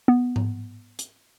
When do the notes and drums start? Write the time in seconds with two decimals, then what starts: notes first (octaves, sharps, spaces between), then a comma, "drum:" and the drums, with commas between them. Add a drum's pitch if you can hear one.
0.08 B3
0.36 drum: tom G#2
0.99 drum: hi-hat